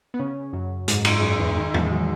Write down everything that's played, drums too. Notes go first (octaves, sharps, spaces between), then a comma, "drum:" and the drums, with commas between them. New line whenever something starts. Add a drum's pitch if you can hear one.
B3
C#3 C#4
F#2 F#3
G#2 G#3, drum: hi-hat
G#2 G#3, drum: cymbal
F#2 F#3
E2 E3
D#3
E2 E3, drum: tom
G#3
F#3